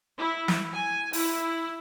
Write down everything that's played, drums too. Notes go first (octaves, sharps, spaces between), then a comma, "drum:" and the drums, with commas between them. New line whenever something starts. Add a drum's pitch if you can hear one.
E4
drum: snare
G#5
E4, drum: open hi-hat